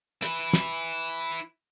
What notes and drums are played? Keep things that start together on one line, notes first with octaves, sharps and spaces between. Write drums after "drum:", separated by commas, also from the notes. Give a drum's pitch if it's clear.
E4 B4, drum: hi-hat
drum: snare